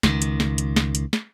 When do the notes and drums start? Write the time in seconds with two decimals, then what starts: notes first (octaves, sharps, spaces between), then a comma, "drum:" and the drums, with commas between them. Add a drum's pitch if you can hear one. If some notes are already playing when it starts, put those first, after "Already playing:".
0.03 C#2 D#3, drum: snare
0.22 drum: hi-hat
0.40 drum: snare
0.58 drum: hi-hat
0.76 drum: snare
0.95 drum: hi-hat
1.13 drum: snare